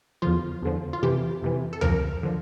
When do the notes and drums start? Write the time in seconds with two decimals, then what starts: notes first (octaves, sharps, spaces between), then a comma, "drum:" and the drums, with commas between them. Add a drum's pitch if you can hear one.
0.22 E2 D3 F3 F4
0.62 E2 D3 F3
0.93 F4
1.02 F2 C3 E3 G4
1.42 F2 C3 E3
1.73 A4
1.81 F2 D3 F3 A#4, drum: tom C#2
2.23 D3 F3